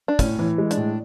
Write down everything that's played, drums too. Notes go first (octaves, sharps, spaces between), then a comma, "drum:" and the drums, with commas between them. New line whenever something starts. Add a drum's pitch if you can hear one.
D4
A2 C#4, drum: kick, hi-hat
E3
G#3
D4, drum: hi-hat
A2